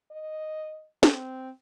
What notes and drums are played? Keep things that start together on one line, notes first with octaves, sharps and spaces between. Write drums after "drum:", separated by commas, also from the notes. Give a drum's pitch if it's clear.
D#5
C4, drum: snare